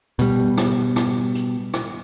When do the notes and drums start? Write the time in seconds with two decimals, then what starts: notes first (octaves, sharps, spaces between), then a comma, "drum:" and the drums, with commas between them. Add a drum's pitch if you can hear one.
0.19 B2 G3, drum: hi-hat
0.58 drum: rim click
0.96 drum: rim click
1.35 drum: hi-hat
1.74 drum: rim click